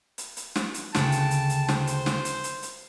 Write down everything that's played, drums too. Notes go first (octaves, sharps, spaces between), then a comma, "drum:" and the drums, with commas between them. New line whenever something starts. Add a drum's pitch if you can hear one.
drum: hi-hat
drum: hi-hat
drum: snare
drum: hi-hat
D2 C#3 G5 A5, drum: snare
drum: hi-hat
drum: hi-hat
drum: hi-hat
C5, drum: snare
drum: hi-hat
drum: snare
drum: hi-hat
drum: hi-hat
drum: hi-hat